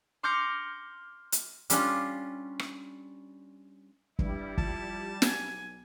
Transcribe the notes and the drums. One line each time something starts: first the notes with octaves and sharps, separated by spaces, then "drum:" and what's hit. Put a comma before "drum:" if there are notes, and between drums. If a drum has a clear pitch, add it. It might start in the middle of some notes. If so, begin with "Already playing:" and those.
C6 D6 F6 G6 A#6 C#7
drum: hi-hat
G3 C#4 D4 F4, drum: hi-hat
drum: rim click
G2 G3 E4, drum: kick
F3 A5, drum: kick
B1 G#5, drum: snare